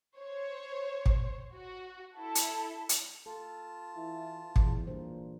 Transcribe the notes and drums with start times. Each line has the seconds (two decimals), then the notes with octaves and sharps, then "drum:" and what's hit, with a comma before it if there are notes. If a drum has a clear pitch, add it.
0.17 C5 C#5
1.06 drum: kick
1.54 F#4
2.17 E4 A4
2.35 drum: hi-hat
2.89 drum: hi-hat
3.26 F4 A4 A5
3.95 E3 E4
4.56 E2 E3 F#3 G#4, drum: kick
4.87 A#2 G3 D4 C5